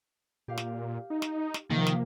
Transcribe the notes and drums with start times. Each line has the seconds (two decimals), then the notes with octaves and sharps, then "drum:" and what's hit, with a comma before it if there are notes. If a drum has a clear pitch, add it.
0.48 A#2 G4 F5
0.58 drum: snare
1.10 D#4
1.22 drum: snare
1.54 drum: snare
1.70 C3 D#3 F3 A#3
1.87 drum: snare